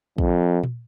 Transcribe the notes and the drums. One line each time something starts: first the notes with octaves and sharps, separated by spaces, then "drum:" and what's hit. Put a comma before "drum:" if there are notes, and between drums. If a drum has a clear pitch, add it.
F2, drum: kick
drum: tom A#2